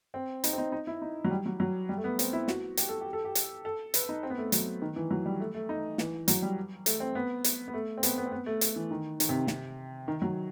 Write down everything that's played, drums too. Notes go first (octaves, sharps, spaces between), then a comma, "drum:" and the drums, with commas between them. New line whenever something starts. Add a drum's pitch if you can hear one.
C4
D#4, drum: hi-hat
C4
D#4
D#4
E4
D#4
F#3
G3
F#3
F#3
G3
A3
B3
C4, drum: hi-hat
E4
F#4, drum: snare
G4, drum: hi-hat
A4
G4
A4
G4
drum: hi-hat
A4
B4, drum: hi-hat
D#4
C4
B3
A3
F#3, drum: hi-hat
D#3
E3
F#3
G3
A3
A3
D#4
E3, drum: snare
F#3, drum: hi-hat
G3
A3, drum: hi-hat
C4
B3
drum: hi-hat
B3
A3
C4
B3, drum: hi-hat
B3
C4
B3
A3
drum: hi-hat
E3
D#3
D#3, drum: hi-hat
C3
C3, drum: snare
D#3
F#3